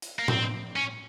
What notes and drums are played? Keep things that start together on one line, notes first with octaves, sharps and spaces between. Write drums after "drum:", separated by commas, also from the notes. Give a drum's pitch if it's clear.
drum: hi-hat
A#3
C4, drum: tom A2
C#4